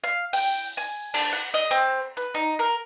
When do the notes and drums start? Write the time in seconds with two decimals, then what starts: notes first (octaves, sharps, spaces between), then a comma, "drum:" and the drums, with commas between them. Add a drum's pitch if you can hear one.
0.04 F5
0.33 G5, drum: open hi-hat
0.77 G#5
1.14 D4, drum: cymbal
1.33 F#5
1.54 D#5
1.71 C4
2.17 B4
2.35 D#4
2.59 A#4